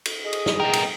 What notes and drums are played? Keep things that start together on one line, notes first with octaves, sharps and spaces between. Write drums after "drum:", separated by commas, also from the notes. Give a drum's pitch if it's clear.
drum: cymbal
G#4 D#5
drum: cymbal
drum: snare
B3 A#4 G5
drum: cymbal